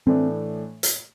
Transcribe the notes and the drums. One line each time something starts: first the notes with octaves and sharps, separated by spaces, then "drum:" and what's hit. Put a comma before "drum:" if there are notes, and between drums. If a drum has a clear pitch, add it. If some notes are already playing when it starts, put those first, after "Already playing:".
A2 E3 A3 C4 D4
drum: hi-hat